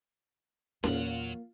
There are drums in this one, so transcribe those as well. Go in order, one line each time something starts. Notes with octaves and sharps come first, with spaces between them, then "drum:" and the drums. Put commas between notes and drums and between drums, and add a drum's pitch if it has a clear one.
E2 A#2 F#3 A#3 F4 F5 F#5, drum: snare C#4